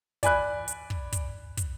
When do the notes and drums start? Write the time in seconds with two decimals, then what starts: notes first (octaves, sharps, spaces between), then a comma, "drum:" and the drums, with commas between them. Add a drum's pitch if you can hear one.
0.23 D5 G#5 B5 F#6, drum: kick, hi-hat
0.68 drum: hi-hat
0.90 drum: kick
1.12 drum: kick, hi-hat
1.57 drum: kick, hi-hat